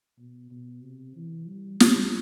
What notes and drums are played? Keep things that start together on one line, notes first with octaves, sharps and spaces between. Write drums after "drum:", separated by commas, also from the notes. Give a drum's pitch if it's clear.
B2
B2
C3
E3
G3
G3, drum: snare